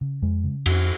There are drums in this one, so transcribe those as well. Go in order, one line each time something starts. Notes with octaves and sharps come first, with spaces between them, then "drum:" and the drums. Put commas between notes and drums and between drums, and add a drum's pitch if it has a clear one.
C#3
F2 G#3
C#3
F2, drum: cymbal